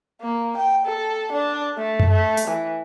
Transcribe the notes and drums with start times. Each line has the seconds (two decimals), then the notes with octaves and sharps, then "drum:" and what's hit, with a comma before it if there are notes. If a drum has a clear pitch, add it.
0.21 A#3
0.57 G5
0.86 A4
1.32 D4
1.78 A3
2.00 drum: tom F#2
2.10 A3
2.37 drum: hi-hat
2.47 E3